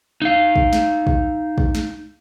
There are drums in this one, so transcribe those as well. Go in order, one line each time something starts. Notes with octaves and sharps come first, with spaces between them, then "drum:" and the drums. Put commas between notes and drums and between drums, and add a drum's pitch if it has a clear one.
D#4 F5
drum: kick
drum: snare
drum: kick
drum: kick
drum: snare